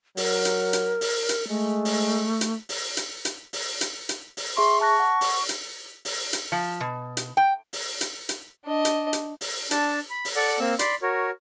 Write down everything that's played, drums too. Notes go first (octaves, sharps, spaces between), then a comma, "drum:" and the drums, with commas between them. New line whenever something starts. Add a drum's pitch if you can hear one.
F#3 A#4, drum: open hi-hat
drum: hi-hat
drum: hi-hat
drum: open hi-hat
drum: hi-hat
G#3 A3
drum: open hi-hat
drum: hi-hat
drum: open hi-hat
drum: hi-hat
drum: hi-hat
drum: open hi-hat
drum: hi-hat
drum: hi-hat
drum: open hi-hat
G#4 E5 C6 C#6
A5 C#6 F#6 A#6
F#5
drum: open hi-hat
drum: hi-hat
drum: open hi-hat
drum: hi-hat
F3
B2
drum: hi-hat
G5
drum: open hi-hat
drum: hi-hat
drum: hi-hat
D4 D#5
drum: hi-hat
drum: hi-hat
drum: open hi-hat
D4 A5, drum: hi-hat
B5
drum: open hi-hat
A4 D5 F#5
A#3 C4 E6
D5 B5 C6, drum: hi-hat
F#4 A#4 C#5